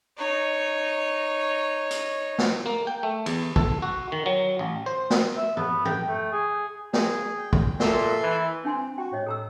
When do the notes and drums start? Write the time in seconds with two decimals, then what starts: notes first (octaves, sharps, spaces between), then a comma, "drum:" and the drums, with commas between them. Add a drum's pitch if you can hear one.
0.17 D#4 C#5
1.91 drum: hi-hat
2.38 drum: snare
2.66 A#3
2.87 G5
3.03 A3
3.26 E2, drum: cymbal
3.56 A4, drum: kick
3.82 F#4
4.12 D#3
4.26 F#3
4.59 A1
4.86 C5
5.10 drum: snare
5.36 E5
5.57 B3, drum: tom
5.85 G5, drum: tom
6.07 A3
6.32 G#4
6.93 G#4, drum: snare
7.37 G5
7.53 drum: kick
7.80 A#2 A4 E5 C6, drum: snare
8.21 E3
8.65 C4 D4 G#5 C6
8.98 F#4 G5
9.13 A2 C#5 D#5
9.26 A4 A#5 E6